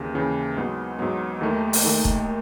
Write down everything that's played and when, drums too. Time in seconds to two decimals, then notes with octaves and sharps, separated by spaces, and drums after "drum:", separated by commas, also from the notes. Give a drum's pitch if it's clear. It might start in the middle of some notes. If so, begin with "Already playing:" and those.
Already playing: D#2 C#3 E3
0.15 D#2 C#3 E3
0.57 G#2 F#3 B3
0.99 G#2 F#3 B3
1.41 D#2 D#3 A3 D#4
1.73 drum: open hi-hat
1.84 D#2 D#3 A3 D#4
2.05 drum: kick